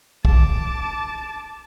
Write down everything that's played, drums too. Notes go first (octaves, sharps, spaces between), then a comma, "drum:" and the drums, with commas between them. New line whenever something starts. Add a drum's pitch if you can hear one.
A5 D6, drum: kick